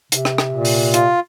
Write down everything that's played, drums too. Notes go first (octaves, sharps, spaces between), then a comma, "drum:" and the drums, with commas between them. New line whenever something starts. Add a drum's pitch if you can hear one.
C3, drum: hi-hat
drum: rim click
drum: rim click
A#2
drum: open hi-hat
F4, drum: hi-hat